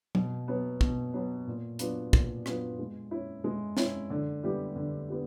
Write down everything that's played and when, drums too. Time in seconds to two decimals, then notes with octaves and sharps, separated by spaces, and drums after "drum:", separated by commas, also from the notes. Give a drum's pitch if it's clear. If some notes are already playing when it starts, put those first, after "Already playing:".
0.15 B2, drum: tom F#3
0.48 F#3 B3
0.81 B2, drum: kick
1.14 F#3 B3
1.47 A#2
1.79 F#3 B3 D4 F4, drum: hi-hat
2.13 A#2, drum: kick
2.46 F#3 B3 D4 F4, drum: rim click
2.79 G#3
3.11 C#4 E4
3.44 G#3
3.77 C#4 E4, drum: snare
4.10 D3
4.43 G3 B3 E4 G4
4.76 D3
5.09 B3 E4 G4